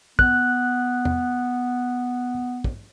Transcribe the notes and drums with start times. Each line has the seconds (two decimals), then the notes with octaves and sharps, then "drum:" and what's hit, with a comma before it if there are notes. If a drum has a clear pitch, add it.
0.19 B3 F#6, drum: kick
1.05 drum: tom E2
2.64 drum: kick